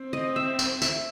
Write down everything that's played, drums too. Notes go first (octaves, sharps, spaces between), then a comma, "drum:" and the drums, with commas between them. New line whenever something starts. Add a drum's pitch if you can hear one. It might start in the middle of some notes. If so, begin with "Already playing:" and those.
Already playing: C4
D#5
E5
drum: tambourine
E5, drum: tambourine